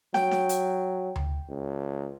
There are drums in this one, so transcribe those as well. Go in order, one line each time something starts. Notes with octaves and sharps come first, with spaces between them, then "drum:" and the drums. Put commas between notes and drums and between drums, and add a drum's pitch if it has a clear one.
F#3 G5, drum: snare
drum: snare
drum: hi-hat
drum: tom D2
C#2